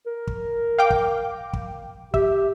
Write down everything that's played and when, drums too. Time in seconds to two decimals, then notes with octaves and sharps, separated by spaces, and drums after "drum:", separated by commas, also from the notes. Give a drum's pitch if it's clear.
0.06 A#4
0.27 drum: kick
0.78 F5 G5 D6
0.90 drum: kick
1.53 drum: kick
2.14 G4 E5, drum: kick